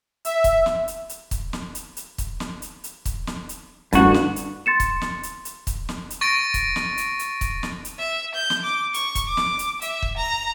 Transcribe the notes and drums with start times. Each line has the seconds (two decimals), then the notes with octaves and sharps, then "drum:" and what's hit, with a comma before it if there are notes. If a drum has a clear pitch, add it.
0.25 E5, drum: hi-hat
0.44 drum: kick, hi-hat
0.66 drum: snare
0.88 drum: hi-hat
1.09 drum: hi-hat
1.31 drum: kick, hi-hat
1.53 drum: snare
1.75 drum: hi-hat
1.97 drum: hi-hat
2.18 drum: kick, hi-hat
2.40 drum: snare
2.62 drum: hi-hat
2.84 drum: hi-hat
3.05 drum: kick, hi-hat
3.27 drum: snare
3.49 drum: hi-hat
3.93 A1 G2 F#4, drum: kick, hi-hat
4.04 D3
4.14 drum: snare
4.36 drum: hi-hat
4.66 C6 A6 C#7 E7
4.80 drum: kick, hi-hat
5.02 drum: snare
5.23 drum: hi-hat
5.45 drum: hi-hat
5.67 drum: kick, hi-hat
5.89 drum: snare
6.10 drum: hi-hat
6.21 C#6 A6 A#6 D7
6.54 drum: kick, hi-hat
6.76 drum: snare
6.98 drum: hi-hat
7.19 drum: hi-hat
7.41 drum: kick, hi-hat
7.63 drum: snare
7.85 drum: hi-hat
7.99 E5
8.35 G6
8.50 drum: snare
8.64 D6
8.94 C#6, drum: hi-hat
9.15 drum: kick, hi-hat
9.28 D6
9.37 drum: snare
9.59 drum: hi-hat
9.82 E5, drum: hi-hat
10.02 drum: kick
10.17 A#5